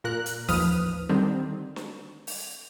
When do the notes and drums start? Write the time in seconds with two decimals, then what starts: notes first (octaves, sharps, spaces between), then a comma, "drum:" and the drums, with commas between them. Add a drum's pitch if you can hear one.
0.04 A#2 A#4 F#6
0.26 drum: hi-hat
0.48 A1 D#2 F3 B4 D#6 F6, drum: open hi-hat
1.09 D3 D#3 G3 C4
1.76 drum: snare
2.27 drum: open hi-hat